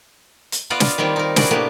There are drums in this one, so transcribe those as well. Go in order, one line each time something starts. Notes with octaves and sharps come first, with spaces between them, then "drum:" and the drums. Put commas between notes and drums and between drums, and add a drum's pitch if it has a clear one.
drum: hi-hat
B3 F4 D5 D#5 F5 F#5
drum: snare
D#3 G3 A#3 C4 F4
D#4 A#4
E4 F#4 G#4 D5, drum: snare
A2 C3 A#3 B3 D4 G4